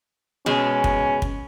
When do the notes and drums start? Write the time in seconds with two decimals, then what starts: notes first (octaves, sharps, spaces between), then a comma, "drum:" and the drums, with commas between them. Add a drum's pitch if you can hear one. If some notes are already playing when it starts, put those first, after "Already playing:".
0.46 B2 G#3 C#4
0.84 drum: kick
1.22 drum: kick